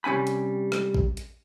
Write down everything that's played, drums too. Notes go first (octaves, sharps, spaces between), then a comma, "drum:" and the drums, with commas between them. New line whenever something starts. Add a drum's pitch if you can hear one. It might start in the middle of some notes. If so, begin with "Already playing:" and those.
C3 G3 C#4 G#5 B5
drum: hi-hat
drum: rim click
drum: kick A1
drum: hi-hat